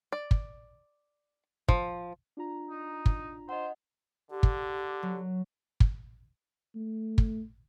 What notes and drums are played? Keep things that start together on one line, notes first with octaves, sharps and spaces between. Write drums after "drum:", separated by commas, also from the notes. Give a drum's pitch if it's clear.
D5
drum: kick
F3, drum: kick
D4 F4 A#5
D#4
drum: kick
C5 D#5 F#5
D3 G4
drum: kick
F#3
drum: kick
A3
drum: kick